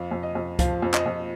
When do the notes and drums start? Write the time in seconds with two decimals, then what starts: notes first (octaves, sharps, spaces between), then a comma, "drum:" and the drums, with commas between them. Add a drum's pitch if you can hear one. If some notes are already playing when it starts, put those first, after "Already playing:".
Already playing: F2 F5
0.11 F2
0.23 D#5
0.35 F2
0.59 F3 F5, drum: kick C#2, hi-hat
0.82 F2
0.94 D#5, drum: clap
1.06 F2